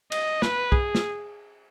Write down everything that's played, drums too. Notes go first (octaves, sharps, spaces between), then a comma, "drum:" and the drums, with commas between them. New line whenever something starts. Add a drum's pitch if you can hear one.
D#5, drum: cymbal
B4, drum: snare
G#4, drum: kick
drum: snare